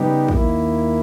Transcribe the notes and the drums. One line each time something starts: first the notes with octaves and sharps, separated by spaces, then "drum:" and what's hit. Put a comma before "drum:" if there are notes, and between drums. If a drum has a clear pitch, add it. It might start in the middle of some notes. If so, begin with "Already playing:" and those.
Already playing: C#3 G3 B3 D#4 G4
D#2 D#3 A#3 E4, drum: kick